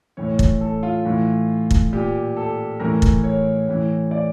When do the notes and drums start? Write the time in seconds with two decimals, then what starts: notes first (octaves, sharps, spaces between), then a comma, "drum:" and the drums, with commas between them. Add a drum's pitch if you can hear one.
0.17 A2 E3 C#5
0.39 drum: kick
0.61 A4
0.83 F4
1.05 A2 E3
1.71 drum: kick
1.93 A#2 G4
2.37 A4
2.80 A2 E3 A#4
3.02 drum: kick
3.24 C#5
3.68 A2 E3
4.11 D5